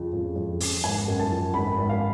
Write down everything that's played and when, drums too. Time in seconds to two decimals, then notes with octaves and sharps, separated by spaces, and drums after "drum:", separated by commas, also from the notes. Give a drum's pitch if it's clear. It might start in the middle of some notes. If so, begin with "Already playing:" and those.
Already playing: F2 C#3 F3
0.13 F2
0.36 F2
0.60 C#3, drum: open hi-hat
0.84 G#1 G#5
1.08 F#2
1.19 A5
1.31 F3
1.54 G#1 B5
1.78 G#1
1.89 F5